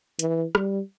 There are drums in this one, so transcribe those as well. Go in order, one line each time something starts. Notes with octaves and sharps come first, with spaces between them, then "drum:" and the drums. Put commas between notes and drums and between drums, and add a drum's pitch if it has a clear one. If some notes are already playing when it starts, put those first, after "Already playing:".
E3, drum: hi-hat
G3, drum: rim click